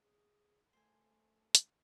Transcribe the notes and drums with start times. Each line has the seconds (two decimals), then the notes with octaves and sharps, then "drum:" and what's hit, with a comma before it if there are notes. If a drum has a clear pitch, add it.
0.02 G#4
0.73 A3 C5 G#5
1.55 drum: hi-hat